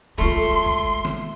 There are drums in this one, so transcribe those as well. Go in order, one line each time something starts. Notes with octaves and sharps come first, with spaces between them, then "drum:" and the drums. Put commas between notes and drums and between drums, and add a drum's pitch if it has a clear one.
G#3 A3 F4 C6
drum: kick G1
drum: snare